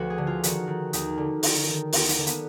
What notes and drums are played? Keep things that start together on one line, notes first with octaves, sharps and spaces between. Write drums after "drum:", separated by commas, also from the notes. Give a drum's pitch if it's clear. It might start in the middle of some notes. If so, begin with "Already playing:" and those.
Already playing: D2 F3 F#4 B4
G#4
D3
F4
D#3 F#4, drum: hi-hat
D#3
D#2 D#4, drum: hi-hat
D3
D#3, drum: open hi-hat
D#3
D#2 B3, drum: open hi-hat
A#3, drum: hi-hat
D3
B3, drum: hi-hat